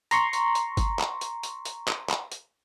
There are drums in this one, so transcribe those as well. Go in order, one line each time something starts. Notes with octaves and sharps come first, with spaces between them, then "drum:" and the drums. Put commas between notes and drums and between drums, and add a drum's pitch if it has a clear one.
A#5 C6 C#6, drum: hi-hat
drum: hi-hat
drum: hi-hat
drum: kick, hi-hat
drum: clap
drum: hi-hat
drum: hi-hat
drum: hi-hat
drum: clap
drum: clap
drum: hi-hat